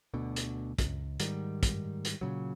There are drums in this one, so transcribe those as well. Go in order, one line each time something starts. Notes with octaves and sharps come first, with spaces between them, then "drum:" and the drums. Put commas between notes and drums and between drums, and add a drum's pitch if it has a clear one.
D2 B2 D3
drum: hi-hat
C#2, drum: kick, hi-hat
G#2 D#3 G3, drum: hi-hat
drum: kick, hi-hat
drum: hi-hat
A#2 C#3 F#3